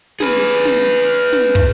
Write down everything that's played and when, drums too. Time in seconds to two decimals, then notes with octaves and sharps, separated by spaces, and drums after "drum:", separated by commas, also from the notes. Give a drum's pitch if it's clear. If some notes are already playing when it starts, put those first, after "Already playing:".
0.20 G#4 B4, drum: snare
0.65 drum: snare
1.33 drum: snare
1.55 drum: kick